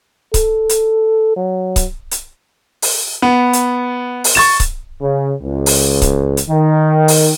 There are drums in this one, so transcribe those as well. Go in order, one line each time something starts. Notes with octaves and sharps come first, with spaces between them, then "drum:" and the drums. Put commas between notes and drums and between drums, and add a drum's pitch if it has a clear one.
A4, drum: kick C#1, hi-hat
drum: hi-hat
F#3
drum: kick C#1, hi-hat
drum: hi-hat
drum: open hi-hat
B3
drum: hi-hat
drum: open hi-hat
C#6 A6 E7
drum: kick C#1, hi-hat
C#3
C#2
drum: open hi-hat
drum: kick C#1, hi-hat
drum: hi-hat
D#3
drum: open hi-hat